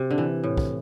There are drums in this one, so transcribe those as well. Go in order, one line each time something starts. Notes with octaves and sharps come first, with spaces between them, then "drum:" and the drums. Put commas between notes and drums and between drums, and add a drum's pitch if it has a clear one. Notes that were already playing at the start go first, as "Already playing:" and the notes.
Already playing: C3
D3
E3
A2
drum: kick